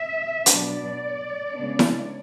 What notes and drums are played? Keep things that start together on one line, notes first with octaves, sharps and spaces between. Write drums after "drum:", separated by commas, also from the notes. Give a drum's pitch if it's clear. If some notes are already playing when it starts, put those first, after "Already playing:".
Already playing: E5
B2 F#3 B3 D4 D5, drum: hi-hat
C#3 G#3 B3 D4
drum: snare E4